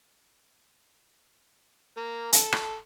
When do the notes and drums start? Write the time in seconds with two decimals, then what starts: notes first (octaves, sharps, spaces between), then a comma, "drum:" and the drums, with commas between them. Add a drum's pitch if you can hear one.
1.97 A#3
2.33 A4, drum: hi-hat
2.52 drum: rim click